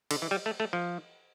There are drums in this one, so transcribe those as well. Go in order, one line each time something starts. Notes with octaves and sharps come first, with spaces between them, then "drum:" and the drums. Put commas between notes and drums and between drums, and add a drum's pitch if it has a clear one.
D3, drum: cymbal
E3
G3
A3
A3
F3